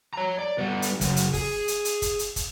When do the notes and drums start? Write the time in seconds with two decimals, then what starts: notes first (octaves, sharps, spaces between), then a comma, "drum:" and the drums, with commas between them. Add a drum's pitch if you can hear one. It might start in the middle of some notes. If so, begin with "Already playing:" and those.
0.14 C#5 A#5
0.39 D5
0.59 G3 B3
0.82 drum: hi-hat
1.01 C#3 F#3, drum: kick, hi-hat
1.16 drum: hi-hat
1.34 G#4, drum: kick, open hi-hat
1.68 drum: hi-hat
1.85 drum: hi-hat
2.02 drum: kick, hi-hat
2.19 drum: hi-hat
2.36 drum: kick, hi-hat